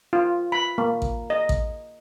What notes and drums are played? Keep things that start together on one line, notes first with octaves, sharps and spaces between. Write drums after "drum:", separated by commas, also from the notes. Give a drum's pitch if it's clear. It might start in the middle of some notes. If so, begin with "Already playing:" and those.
F4
B5
A#3
drum: kick A1
D#5
drum: kick A1